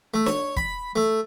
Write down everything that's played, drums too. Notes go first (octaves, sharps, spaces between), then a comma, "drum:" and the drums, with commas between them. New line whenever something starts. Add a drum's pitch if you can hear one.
A3
C#5, drum: snare D4
B5, drum: kick
A3